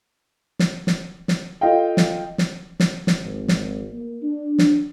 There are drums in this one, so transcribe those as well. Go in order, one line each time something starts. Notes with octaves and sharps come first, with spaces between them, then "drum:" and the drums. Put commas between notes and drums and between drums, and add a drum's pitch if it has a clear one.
drum: snare
drum: snare
drum: snare
F4 A4 D#5 F5 G5
drum: snare
drum: snare
drum: snare
drum: snare
G#1
drum: snare
A#3
D4
drum: snare